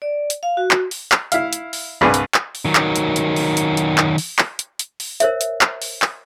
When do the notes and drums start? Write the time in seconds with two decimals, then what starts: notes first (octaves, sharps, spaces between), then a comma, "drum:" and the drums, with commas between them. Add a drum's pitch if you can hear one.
0.02 D5
0.30 drum: hi-hat
0.43 F5
0.57 F#4
0.71 drum: clap
0.91 drum: open hi-hat
1.12 drum: clap
1.32 E4 F5, drum: hi-hat
1.53 drum: hi-hat
1.73 drum: open hi-hat
2.01 C2 G2 G#4 B4
2.14 drum: hi-hat
2.34 drum: clap
2.55 drum: open hi-hat
2.65 D#3 F#3
2.75 drum: clap
2.96 drum: hi-hat
3.16 drum: hi-hat
3.36 drum: open hi-hat
3.57 drum: hi-hat
3.77 drum: hi-hat
3.98 drum: clap
4.18 drum: open hi-hat
4.39 drum: clap
4.59 drum: hi-hat
4.79 drum: hi-hat
5.00 drum: open hi-hat
5.20 A#4 C5 C#5 E5, drum: hi-hat
5.41 drum: hi-hat
5.61 drum: clap
5.82 drum: open hi-hat
6.02 drum: clap